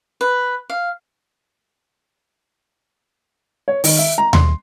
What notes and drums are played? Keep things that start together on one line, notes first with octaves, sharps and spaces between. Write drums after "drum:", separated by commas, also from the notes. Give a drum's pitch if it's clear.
B4
F5
C#5
D#3, drum: open hi-hat
E5
A#5
C6, drum: tom D#2